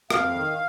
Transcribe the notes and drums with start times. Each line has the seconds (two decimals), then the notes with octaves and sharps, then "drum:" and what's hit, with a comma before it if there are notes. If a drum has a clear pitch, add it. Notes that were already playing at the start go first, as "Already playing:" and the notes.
0.10 F2 F5, drum: rim click
0.35 D#3